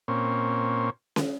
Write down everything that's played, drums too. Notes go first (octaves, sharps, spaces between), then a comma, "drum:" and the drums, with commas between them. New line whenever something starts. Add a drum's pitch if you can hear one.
A#2 C4 C#4
drum: snare C#4